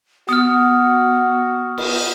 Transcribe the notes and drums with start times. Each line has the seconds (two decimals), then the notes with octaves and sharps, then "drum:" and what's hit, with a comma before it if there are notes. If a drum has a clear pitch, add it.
0.29 B3 F#4 D#6 F6
1.78 drum: cymbal